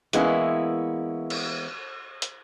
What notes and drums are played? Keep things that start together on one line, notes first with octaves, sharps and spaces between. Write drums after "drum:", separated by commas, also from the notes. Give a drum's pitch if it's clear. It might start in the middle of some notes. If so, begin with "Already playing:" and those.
E3 G#3 A#3 B3 C#4 E4, drum: hi-hat
drum: cymbal
drum: hi-hat